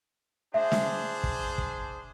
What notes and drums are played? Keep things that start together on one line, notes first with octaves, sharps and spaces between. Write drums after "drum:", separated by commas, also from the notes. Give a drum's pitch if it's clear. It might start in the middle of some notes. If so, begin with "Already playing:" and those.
D4 G#4 C5 E5
drum: snare
drum: kick
drum: kick